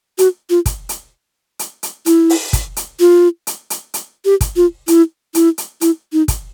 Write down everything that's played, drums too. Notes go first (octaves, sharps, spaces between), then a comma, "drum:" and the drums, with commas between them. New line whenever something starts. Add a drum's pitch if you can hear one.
F#4, drum: hi-hat
F4
drum: kick, hi-hat
drum: hi-hat
drum: hi-hat
drum: hi-hat
E4, drum: hi-hat
drum: open hi-hat
drum: kick, hi-hat
drum: hi-hat
F4
drum: hi-hat
drum: hi-hat
drum: hi-hat
G4
drum: kick, hi-hat
F4
E4, drum: hi-hat
E4, drum: hi-hat
drum: hi-hat
E4, drum: hi-hat
D#4
drum: kick, hi-hat